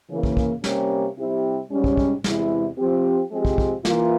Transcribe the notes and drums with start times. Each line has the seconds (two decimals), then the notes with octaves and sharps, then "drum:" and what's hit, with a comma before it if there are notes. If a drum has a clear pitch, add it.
0.10 C#3 E3 A#3
0.23 drum: kick
0.37 drum: kick
0.64 C3 G3 A#3 C#4 G4, drum: snare
1.18 C3 G3 C4 E4 G4
1.70 G#2 G3 C#4
1.84 drum: kick
1.97 drum: kick
2.24 E2 C3 E3 G#3 E4, drum: snare
2.78 F3 C4 G4
3.31 F3 G#3 C4 G4
3.45 drum: kick
3.58 drum: kick
3.85 E3 A#3 F4, drum: snare